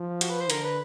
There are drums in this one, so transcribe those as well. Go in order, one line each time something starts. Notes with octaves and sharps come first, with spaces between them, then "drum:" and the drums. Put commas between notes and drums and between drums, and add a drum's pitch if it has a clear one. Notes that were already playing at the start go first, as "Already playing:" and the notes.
Already playing: F3
F#4, drum: hi-hat
B4
C5
D3 A#4, drum: hi-hat
B4